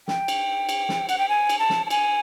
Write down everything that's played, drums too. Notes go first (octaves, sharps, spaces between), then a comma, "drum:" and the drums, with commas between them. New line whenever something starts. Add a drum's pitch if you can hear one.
G5, drum: snare
drum: cymbal
drum: cymbal
drum: snare
F#5, drum: cymbal
G5
G#5
drum: cymbal
A5
drum: snare
A5
G#5, drum: cymbal